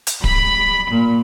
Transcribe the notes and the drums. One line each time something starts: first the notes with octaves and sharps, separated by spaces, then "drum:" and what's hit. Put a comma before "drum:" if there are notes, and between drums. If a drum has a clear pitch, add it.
drum: hi-hat
B5, drum: kick D1
A#2